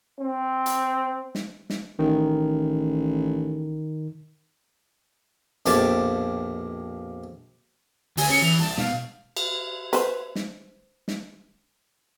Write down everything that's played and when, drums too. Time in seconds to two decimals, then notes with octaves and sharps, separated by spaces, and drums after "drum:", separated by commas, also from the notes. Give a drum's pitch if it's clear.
0.21 C4
0.66 drum: hi-hat
1.35 drum: snare
1.70 drum: snare
1.99 A1 D#3
5.66 A#1 F2 B2 G4 A5 C#6, drum: hi-hat
8.17 D2 G#5, drum: open hi-hat
8.30 C#4 C#7
8.43 E3 F7
8.59 C2 A5
8.78 B2 F5, drum: snare
9.37 drum: cymbal
9.93 B4 C5, drum: hi-hat
10.35 drum: snare
11.08 drum: snare